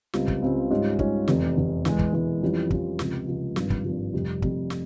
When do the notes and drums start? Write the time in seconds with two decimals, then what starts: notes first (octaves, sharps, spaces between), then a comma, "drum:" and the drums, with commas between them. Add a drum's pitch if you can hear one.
0.14 C#2 C#3 G3 C4 F4, drum: snare
0.28 drum: kick
0.42 C#2 C#3 G3 C4 F4
0.70 G#2 G3 C#4 F4
0.99 G#2 G3 C#4 F4, drum: kick
1.28 F1 E2 C3, drum: snare
1.57 F1 E2 C3
1.85 E1 E2 E3 G#3, drum: snare
1.99 drum: kick
2.13 E1 E2 E3 G#3
2.42 F2 E3 G3 C#4 F4
2.70 F2 E3 G3 C#4 F4, drum: kick
2.99 C#2 C3 F3, drum: snare
3.27 C#2 C3 F3
3.56 G#1 G2 F3, drum: snare
3.70 drum: kick
3.84 G#1 G2 F3
4.13 F1 F2 C3 G3
4.42 F1 F2 C3 G3, drum: kick
4.70 drum: snare